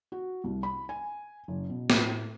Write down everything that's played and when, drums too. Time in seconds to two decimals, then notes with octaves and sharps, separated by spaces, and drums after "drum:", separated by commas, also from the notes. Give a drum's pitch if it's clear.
0.12 F#4
0.44 C2
0.63 B5
0.89 G#5
1.48 F#1
1.70 B2
1.90 A2, drum: snare